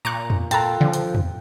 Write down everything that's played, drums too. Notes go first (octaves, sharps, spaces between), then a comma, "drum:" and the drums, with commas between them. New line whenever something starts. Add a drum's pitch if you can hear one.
A#2 A#5 C#6 D6 F#6
drum: tom E2
F4 A4 G5 A5 A#5 F#6, drum: hi-hat
D3 F3
drum: hi-hat
drum: tom E2